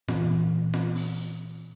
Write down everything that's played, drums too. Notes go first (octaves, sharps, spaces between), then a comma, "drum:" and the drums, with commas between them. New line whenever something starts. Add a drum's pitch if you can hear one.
A#2 E3, drum: snare F4
drum: snare F4
drum: open hi-hat